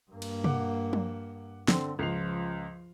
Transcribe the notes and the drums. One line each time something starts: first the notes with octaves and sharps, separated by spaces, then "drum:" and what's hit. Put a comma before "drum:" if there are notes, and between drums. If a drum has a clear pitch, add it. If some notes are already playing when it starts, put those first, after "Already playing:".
G2 A#3
drum: cymbal
F#5 D6, drum: tom
drum: tom F3
D3 C4, drum: snare
C#2 F3 C7 F7